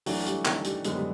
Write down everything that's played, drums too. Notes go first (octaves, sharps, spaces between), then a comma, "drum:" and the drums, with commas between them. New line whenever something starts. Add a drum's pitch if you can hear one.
E3 F#3 A3 D4 F#4, drum: open hi-hat
G3, drum: hi-hat
D#3, drum: clap
G3, drum: hi-hat
F#2 D3 F#3 G#3 B3, drum: hi-hat
G3